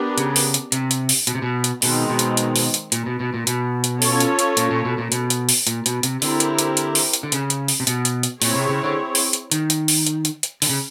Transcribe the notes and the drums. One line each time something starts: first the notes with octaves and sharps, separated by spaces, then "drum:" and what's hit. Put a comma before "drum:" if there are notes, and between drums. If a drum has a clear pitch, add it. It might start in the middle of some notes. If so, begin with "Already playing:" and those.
Already playing: B3 D4 G4 A#4
C#3, drum: hi-hat
drum: open hi-hat
drum: hi-hat
C3, drum: hi-hat
drum: hi-hat
drum: open hi-hat
B2, drum: hi-hat
C3
B2
drum: hi-hat
B2 D#3 G#3 C4 D#4, drum: open hi-hat
B2
drum: hi-hat
drum: hi-hat
drum: open hi-hat
drum: hi-hat
A#2, drum: hi-hat
B2
B2
A#2
B2, drum: hi-hat
drum: hi-hat
C#4 F4 A4 C#5, drum: open hi-hat
drum: hi-hat
drum: hi-hat
A#2, drum: hi-hat
A#2
B2
A#2
B2, drum: hi-hat
drum: hi-hat
drum: open hi-hat
A#2, drum: hi-hat
B2, drum: hi-hat
C3, drum: hi-hat
D3 C4 E4 G4 A#4, drum: open hi-hat
drum: hi-hat
drum: hi-hat
drum: hi-hat
drum: open hi-hat
drum: hi-hat
D3
C#3, drum: hi-hat
drum: hi-hat
drum: open hi-hat
C3
B2, drum: hi-hat
drum: hi-hat
drum: hi-hat
A#2 C4 E4 G#4 C#5, drum: open hi-hat
C3
C#3
D3
drum: open hi-hat
drum: hi-hat
D#3, drum: hi-hat
drum: hi-hat
drum: open hi-hat
drum: hi-hat
drum: hi-hat
drum: hi-hat
D3, drum: open hi-hat
C#3